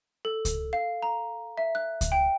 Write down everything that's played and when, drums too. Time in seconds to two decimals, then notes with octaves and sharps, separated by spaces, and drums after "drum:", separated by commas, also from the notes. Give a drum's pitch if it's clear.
0.25 A4
0.45 drum: kick C#2, hi-hat
0.73 F5
1.02 A#5
1.58 E5
1.75 F#6
2.01 drum: kick C#2, hi-hat
2.12 G5